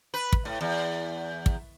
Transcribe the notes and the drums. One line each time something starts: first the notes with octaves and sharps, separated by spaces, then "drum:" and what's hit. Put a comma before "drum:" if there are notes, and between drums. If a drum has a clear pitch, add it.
B4
drum: kick
A2
E2
drum: kick